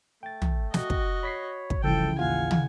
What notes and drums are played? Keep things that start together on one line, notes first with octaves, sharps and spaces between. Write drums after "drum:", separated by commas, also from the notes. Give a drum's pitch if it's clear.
A3 G5 A6
drum: tom
F#4 D#5, drum: snare
drum: kick
C#5 B5 B6 C7
drum: kick
C2 C#3 E3 F3 E4 A4 G5 G6
A1 D#2 F4 F5 F#5 G#5
drum: tom